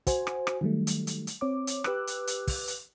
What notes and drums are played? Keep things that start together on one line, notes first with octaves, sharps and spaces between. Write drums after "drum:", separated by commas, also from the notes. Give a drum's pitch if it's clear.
F#4 C5 G#5, drum: kick, hi-hat
drum: rim click
drum: rim click
D#3 F#3 G3 A3
drum: hi-hat
drum: hi-hat
drum: hi-hat
C4 C#5 D6
drum: hi-hat
G4 B4 D6 E6 F#6, drum: rim click
drum: hi-hat
drum: hi-hat
drum: kick, open hi-hat
drum: hi-hat